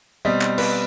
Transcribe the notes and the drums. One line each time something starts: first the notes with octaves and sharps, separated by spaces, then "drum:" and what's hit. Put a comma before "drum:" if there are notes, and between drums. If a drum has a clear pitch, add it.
B2 G3 C4 D#5
drum: clap
B4, drum: cymbal